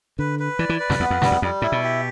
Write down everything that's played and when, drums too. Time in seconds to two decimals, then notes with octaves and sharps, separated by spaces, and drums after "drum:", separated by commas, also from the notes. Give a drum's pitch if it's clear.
0.19 D3 B4
0.39 B4
0.59 E3 D5
0.69 E3
0.80 B4
0.90 F2, drum: snare
1.00 E2 B3
1.10 F2
1.22 G2 G3, drum: snare
1.31 E2
1.42 F2 G3
1.62 A2 E4
1.72 B2
1.83 G4